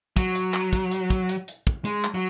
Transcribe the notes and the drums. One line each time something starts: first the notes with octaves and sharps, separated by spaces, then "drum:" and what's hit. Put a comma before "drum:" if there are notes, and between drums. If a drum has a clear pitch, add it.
F#3, drum: kick, hi-hat
drum: hi-hat
drum: clap
drum: kick, hi-hat
drum: hi-hat
drum: kick, hi-hat
drum: hi-hat
drum: hi-hat
drum: kick
G#3, drum: hi-hat
drum: clap
F#3